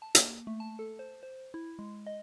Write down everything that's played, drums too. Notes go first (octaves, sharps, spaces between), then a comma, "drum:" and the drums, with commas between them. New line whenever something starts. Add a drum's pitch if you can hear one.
A5
A#3, drum: hi-hat
A3
A5
A4
C5
C5
E4
G#3
D#5